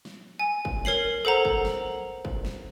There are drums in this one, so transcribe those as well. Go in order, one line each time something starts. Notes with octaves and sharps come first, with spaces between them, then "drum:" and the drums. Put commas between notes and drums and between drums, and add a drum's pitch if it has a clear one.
drum: snare
G#5
drum: kick
A#4 C#5 C7 F#7, drum: snare
A4 C5 F#5 A#5
drum: kick
drum: snare
drum: kick
drum: snare